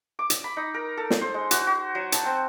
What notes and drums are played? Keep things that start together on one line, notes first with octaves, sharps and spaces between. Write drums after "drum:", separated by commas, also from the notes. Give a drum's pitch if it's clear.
D6
drum: hi-hat
B5
D#4
A#4
A4
drum: snare
C5
G#3
F#4, drum: hi-hat
F#4
F#3
A5, drum: hi-hat
C4